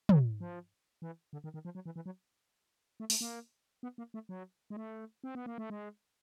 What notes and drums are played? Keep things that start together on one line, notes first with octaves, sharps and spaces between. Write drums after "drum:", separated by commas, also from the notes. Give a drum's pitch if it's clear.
F#3, drum: tom
F3
E3
D3
D#3
D#3
F3
F#3
E3
E3
F#3
A3
A3, drum: open hi-hat
A#3
B3
A#3
A3
F#3
G#3
A3
C4
B3
A#3
A3
G#3